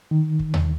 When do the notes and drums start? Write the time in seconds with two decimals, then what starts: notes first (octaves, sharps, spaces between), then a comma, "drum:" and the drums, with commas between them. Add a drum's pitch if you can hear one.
0.11 D#3
0.39 drum: kick
0.54 drum: tom D#2